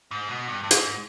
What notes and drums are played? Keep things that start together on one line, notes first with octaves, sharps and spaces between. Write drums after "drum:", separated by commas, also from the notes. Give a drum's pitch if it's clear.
G#2
B2
G2
G2
G#2, drum: hi-hat